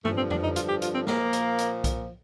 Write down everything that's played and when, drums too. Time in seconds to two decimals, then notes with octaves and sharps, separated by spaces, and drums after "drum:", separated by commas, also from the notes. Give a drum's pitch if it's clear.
0.05 G2 D3 F3 A3, drum: tom G2
0.18 C4
0.30 D4, drum: tom F2
0.44 D#4
0.56 F4, drum: hi-hat
0.69 G4
0.82 F4, drum: hi-hat
0.95 C4
1.07 A#2 F3 A#3, drum: snare
1.33 drum: hi-hat
1.58 drum: hi-hat
1.84 drum: kick B1, hi-hat